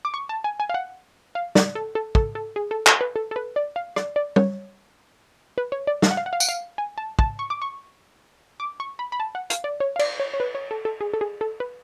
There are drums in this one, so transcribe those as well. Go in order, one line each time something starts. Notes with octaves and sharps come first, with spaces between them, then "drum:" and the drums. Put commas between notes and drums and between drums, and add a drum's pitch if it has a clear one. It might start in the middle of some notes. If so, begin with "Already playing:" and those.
D6
C#6
A5
G#5
G#5
F5
F#5
F5
D5, drum: snare
A4
A4
A4, drum: kick
A4
G#4
A4
A4, drum: clap
B4
A4
A4
B4
D5
F5
D5, drum: rim click
D5
C#5, drum: tom
B4
C#5
D5
F5, drum: snare
F#5
F5
F#5
F5
F#5, drum: tambourine
F5
G#5
A5
A5, drum: kick
C#6
D6
C#6
D6
C#6
B5
B5
A5
F#5
F5, drum: hi-hat
D5
C#5
F5
D5, drum: cymbal
C#5
C#5
B4
C#5
A4
A4
G#4
A4
G#4
A4
B4